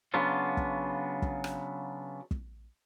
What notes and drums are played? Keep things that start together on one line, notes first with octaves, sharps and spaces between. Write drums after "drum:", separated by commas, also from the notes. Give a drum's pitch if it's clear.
C#3 F#3 B3 D4 F4
drum: kick
drum: kick
drum: rim click
drum: kick